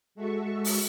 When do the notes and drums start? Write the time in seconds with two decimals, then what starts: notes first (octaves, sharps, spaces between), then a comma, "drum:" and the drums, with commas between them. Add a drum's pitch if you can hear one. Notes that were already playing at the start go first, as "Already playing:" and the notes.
0.15 G#3 F#4 A4 E5 C#6
0.65 drum: open hi-hat